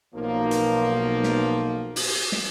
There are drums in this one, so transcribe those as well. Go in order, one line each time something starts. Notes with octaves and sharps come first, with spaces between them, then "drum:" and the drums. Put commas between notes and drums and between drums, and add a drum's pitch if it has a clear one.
B1 F3 A#3
drum: hi-hat
drum: snare
drum: open hi-hat
drum: snare